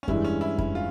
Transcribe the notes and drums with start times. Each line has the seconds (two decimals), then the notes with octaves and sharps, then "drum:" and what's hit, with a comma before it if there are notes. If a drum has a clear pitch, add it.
0.03 C#4
0.08 G2 E3 G#3 E4, drum: kick F2
0.24 C#4
0.41 E4
0.58 E4, drum: kick F2
0.75 F4